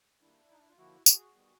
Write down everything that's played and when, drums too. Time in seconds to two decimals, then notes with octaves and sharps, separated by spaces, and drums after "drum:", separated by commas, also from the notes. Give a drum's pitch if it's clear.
0.21 D#3 G3 A#3 D4 E4
0.50 D#4
0.60 E4
0.69 F4
0.78 D3 F3 A#3 E4 F#4
1.06 F#4 G#4, drum: tambourine
1.34 D#3 G3 B3